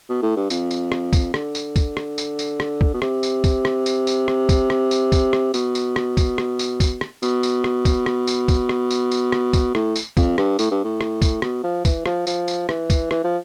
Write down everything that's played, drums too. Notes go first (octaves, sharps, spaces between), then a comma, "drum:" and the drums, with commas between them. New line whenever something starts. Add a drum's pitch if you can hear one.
B2
A2
G2
F2, drum: tambourine
drum: tambourine
drum: rim click
drum: kick, tambourine
D3, drum: rim click
drum: tambourine
drum: kick, tambourine
drum: rim click
drum: tambourine
drum: tambourine
drum: rim click
drum: kick
B2
C3, drum: rim click
drum: tambourine
drum: kick, tambourine
drum: rim click
drum: tambourine
drum: tambourine
drum: rim click
drum: kick, tambourine
drum: rim click
drum: tambourine
drum: kick, tambourine
drum: rim click
B2, drum: tambourine
drum: tambourine
drum: rim click
drum: kick, tambourine
drum: rim click
drum: tambourine
drum: kick, tambourine
drum: rim click
B2, drum: tambourine
drum: tambourine
drum: rim click
drum: kick, tambourine
drum: rim click
drum: tambourine
drum: kick, tambourine
drum: rim click
drum: tambourine
drum: tambourine
drum: rim click
drum: kick, tambourine
A2, drum: rim click
drum: tambourine
F2, drum: kick, tambourine
G2, drum: rim click
A2, drum: tambourine
G2
A2
drum: rim click
drum: kick, tambourine
B2, drum: rim click
F3
E3, drum: kick, tambourine
F3, drum: rim click
F3, drum: tambourine
drum: tambourine
E3, drum: rim click
drum: kick, tambourine
E3, drum: rim click
F3